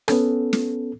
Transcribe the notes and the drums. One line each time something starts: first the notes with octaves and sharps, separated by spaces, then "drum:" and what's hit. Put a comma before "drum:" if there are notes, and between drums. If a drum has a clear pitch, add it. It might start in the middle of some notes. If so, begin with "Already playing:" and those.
B3 C#4 A4, drum: rim click
drum: snare